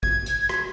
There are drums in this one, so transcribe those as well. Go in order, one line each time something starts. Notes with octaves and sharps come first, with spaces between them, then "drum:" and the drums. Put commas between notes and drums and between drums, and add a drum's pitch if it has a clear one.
G#6, drum: kick G#1
drum: hi-hat
drum: rim click